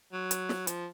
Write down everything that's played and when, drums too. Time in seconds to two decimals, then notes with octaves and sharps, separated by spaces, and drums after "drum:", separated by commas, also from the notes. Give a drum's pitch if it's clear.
0.13 F#3
0.31 drum: hi-hat
0.49 drum: snare
0.67 F3, drum: hi-hat